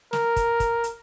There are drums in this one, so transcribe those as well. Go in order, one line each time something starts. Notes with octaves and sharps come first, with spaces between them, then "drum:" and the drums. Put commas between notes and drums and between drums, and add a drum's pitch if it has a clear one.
A#4, drum: snare
drum: kick, hi-hat
drum: kick, hi-hat
drum: hi-hat